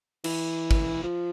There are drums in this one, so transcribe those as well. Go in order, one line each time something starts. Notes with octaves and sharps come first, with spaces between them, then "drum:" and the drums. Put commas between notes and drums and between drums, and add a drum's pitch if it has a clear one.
E3, drum: cymbal
drum: kick
F3